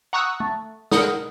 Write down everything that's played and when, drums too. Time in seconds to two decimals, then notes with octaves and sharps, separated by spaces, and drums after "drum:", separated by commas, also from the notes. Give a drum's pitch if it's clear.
0.13 F#5 A#5 C#6 D#6 E6 F#6
0.40 A3
0.91 A#4 F#5 D#6, drum: snare